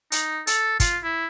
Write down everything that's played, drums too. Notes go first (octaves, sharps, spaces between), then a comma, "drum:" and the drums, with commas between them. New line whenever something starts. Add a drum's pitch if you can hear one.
D#4, drum: hi-hat
A4, drum: hi-hat
F4, drum: kick, hi-hat
E4